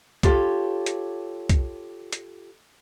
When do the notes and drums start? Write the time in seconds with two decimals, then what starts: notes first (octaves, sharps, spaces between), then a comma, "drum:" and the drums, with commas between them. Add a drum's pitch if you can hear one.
0.23 F4 G4 A4 C#5, drum: kick, hi-hat
0.86 drum: hi-hat
1.49 drum: kick, hi-hat
2.13 drum: hi-hat